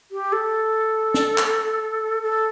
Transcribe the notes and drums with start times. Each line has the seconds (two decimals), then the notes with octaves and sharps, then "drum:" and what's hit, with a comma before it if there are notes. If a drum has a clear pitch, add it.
0.12 G4
0.33 A4
1.14 drum: snare D4
1.38 drum: clap
2.23 A4